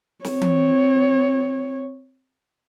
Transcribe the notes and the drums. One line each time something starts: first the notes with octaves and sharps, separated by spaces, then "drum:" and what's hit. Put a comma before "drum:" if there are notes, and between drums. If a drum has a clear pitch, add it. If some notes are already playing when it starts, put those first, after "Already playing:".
C4 C#5, drum: snare
drum: tom E3